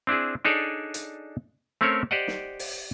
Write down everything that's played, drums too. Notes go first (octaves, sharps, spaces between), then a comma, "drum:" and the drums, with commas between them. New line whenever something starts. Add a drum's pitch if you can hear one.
C4 D4 E4 G#4
D4 D#4 G#4 A4 C#5 D5
drum: hi-hat
A3 C4 C#4 A#4 C5 C#5
G4 C5 D5 D#5 F#5
drum: snare
drum: open hi-hat